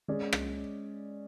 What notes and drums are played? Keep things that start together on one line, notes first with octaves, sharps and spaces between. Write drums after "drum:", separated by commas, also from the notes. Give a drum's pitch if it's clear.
G#3 C#4 G#4 D5
drum: rim click